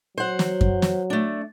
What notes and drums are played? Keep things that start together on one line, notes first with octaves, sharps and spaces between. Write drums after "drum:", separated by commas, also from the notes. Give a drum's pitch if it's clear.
F#3 C5 F#5
drum: snare
drum: kick F#2
drum: snare
A3 D4